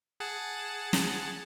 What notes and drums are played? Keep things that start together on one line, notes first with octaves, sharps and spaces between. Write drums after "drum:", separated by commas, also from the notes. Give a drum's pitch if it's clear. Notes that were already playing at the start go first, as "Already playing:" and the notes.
G#4 F#5 A5
drum: snare